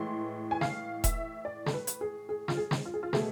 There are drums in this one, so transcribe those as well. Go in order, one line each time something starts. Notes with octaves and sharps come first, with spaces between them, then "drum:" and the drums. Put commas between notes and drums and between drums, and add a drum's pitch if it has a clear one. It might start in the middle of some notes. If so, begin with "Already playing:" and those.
Already playing: A2 E3 G#3 C6
G#5
F5, drum: snare
E5, drum: kick E1, hi-hat
D5
A4, drum: snare
B4
drum: hi-hat
G#4
G#4
F4, drum: snare
G#4
drum: snare
F4
G#4
F4
B2 A3 G#4, drum: snare